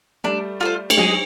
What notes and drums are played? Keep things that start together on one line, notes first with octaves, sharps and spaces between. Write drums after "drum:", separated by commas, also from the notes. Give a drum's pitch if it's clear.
G3 A3 D4
F4 A4 C5
A3, drum: cymbal
F#3 G#3 G#4